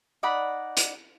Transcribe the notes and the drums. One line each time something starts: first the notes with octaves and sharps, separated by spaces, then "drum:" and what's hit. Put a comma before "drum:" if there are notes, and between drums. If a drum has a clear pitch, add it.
D#4 D5 F#5 B5
drum: hi-hat